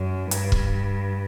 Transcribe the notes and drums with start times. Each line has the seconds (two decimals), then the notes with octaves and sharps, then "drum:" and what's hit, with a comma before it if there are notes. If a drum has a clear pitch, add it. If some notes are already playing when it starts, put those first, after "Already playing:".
Already playing: F#2
0.31 G2, drum: hi-hat
0.52 drum: kick